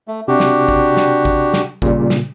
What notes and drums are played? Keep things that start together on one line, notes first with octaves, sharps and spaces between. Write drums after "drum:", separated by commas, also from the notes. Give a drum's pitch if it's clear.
A3
C3 D4 F#4 G4
drum: snare
drum: kick
drum: snare
drum: kick
drum: snare
A#2 C#3 G3, drum: kick
drum: snare